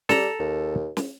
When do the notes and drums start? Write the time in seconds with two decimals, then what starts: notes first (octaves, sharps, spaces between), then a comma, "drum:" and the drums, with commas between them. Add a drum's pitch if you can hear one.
0.09 G3 A4 A#5, drum: snare
0.39 D#2
0.97 drum: snare